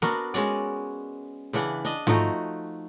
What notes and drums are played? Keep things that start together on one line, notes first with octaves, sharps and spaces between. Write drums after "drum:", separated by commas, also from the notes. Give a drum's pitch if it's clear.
B3 D4 F#4 A#4, drum: snare
G#3 C#4 F#4 D5, drum: hi-hat
C#3 E3 D4 F#5
D4 D#5
F3 A3 D#4 F#4, drum: tom G#2